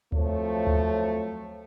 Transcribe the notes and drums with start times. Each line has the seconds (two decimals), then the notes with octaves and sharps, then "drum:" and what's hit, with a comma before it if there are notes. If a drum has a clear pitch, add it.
0.12 F2 F3 F#3 A3 C#5, drum: kick D2
0.67 drum: kick D2